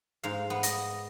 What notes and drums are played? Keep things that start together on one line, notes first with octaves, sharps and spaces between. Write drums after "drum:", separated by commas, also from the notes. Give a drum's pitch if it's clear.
G#2 F5
B3
D#5, drum: hi-hat